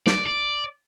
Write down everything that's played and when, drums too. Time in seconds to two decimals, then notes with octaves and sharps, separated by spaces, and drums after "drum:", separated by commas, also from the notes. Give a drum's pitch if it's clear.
0.06 D5, drum: snare
0.26 D5